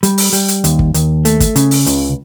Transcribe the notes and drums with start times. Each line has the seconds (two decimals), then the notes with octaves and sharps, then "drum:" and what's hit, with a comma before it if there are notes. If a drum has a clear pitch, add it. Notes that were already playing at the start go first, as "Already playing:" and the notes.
0.03 G3, drum: hi-hat
0.18 drum: open hi-hat
0.33 G3, drum: hi-hat
0.48 drum: hi-hat
0.64 D#2, drum: hi-hat
0.79 drum: kick
0.94 D#2, drum: hi-hat
1.25 A3, drum: hi-hat
1.40 drum: kick, hi-hat
1.56 C#3, drum: hi-hat
1.71 drum: open hi-hat
1.86 C#2, drum: hi-hat